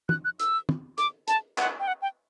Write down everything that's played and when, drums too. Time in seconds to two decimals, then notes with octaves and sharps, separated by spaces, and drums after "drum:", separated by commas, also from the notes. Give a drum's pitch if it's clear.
0.09 F#6, drum: tom
0.25 F#6
0.40 E6, drum: hi-hat
0.69 drum: tom
0.98 D6, drum: hi-hat
1.28 A5, drum: hi-hat
1.58 F#5, drum: clap
1.80 G5
1.88 F#5
2.02 G5